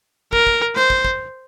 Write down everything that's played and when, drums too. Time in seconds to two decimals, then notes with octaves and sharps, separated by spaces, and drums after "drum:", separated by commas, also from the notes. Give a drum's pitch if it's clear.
0.33 A#4, drum: kick
0.47 drum: kick
0.76 C5, drum: snare
0.90 drum: kick
1.05 drum: kick